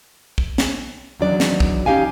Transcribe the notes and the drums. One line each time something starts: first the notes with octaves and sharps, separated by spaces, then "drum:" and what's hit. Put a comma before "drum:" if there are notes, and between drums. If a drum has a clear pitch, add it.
drum: kick
drum: snare
E2 D#3 F#3 C#4 D4 D5
drum: snare
drum: kick
E2 C#4 D#4 G4 F5 G#5